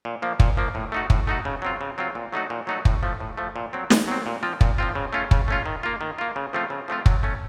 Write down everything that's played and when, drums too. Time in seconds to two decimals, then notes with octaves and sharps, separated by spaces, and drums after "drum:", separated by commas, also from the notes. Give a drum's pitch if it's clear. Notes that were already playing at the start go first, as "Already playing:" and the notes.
0.05 A#2
0.22 F3 A#3
0.40 A#2, drum: kick
0.57 F3 A#3
0.75 A2
0.92 A3 D#4 F#4
1.10 A2, drum: kick
1.27 A3 D#4 F#4
1.45 C#3
1.62 F#3 C4 F4
1.81 C#3
1.98 F#3 C4 F4
2.15 A#2
2.33 F#3 A3 D#4 F#4
2.50 A#2
2.67 F#3 A3 D#4 F#4
2.85 A2, drum: kick
3.03 F3 A3
3.20 A2
3.37 F3 A3
3.56 A#2
3.73 F#3 C4
3.90 A#2, drum: snare
4.08 F#3 C4
4.26 A#2
4.43 F3 C4 F4
4.61 A#2, drum: kick
4.78 F3 C4 F4
4.95 C#3
5.13 A3 C#4 F4
5.31 C#3, drum: kick
5.48 A3 C#4 F4
5.66 D#3
5.83 A#3 F4
6.01 D#3
6.18 A#3 F4
6.36 C#3
6.53 F3 A3 C4 F4
6.70 C#3
6.88 F3 A3 C4 F4
7.06 F#3, drum: kick
7.23 A3 C#4